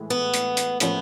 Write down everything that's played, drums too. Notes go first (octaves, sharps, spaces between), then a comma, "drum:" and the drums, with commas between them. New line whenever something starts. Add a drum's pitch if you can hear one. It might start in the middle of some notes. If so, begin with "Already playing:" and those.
Already playing: A2 E3 G#3
B3
drum: hi-hat
drum: hi-hat
A2 F3 A#3 B3 C#4, drum: hi-hat